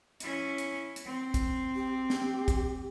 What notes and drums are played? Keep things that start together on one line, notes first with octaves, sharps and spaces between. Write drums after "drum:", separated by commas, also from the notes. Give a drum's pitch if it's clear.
C#4 E4, drum: hi-hat
drum: hi-hat
drum: hi-hat
C4
drum: kick, hi-hat
G4
drum: snare
drum: kick, hi-hat